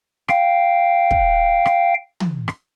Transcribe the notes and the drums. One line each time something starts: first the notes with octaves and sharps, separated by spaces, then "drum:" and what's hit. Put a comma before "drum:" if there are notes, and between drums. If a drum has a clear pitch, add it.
F5 G5, drum: rim click
drum: kick
drum: rim click
drum: tom
drum: rim click